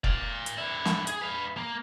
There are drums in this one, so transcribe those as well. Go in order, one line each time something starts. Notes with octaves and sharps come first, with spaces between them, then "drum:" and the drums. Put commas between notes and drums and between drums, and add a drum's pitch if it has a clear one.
D5 F5, drum: kick F1
drum: hi-hat
D3 E4
drum: snare
G#4, drum: hi-hat
B4 F5
A#3